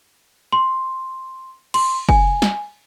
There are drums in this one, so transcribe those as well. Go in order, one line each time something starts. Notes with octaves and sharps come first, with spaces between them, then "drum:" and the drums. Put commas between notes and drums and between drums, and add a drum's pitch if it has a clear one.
C6
C6, drum: cymbal
G#5, drum: kick
drum: snare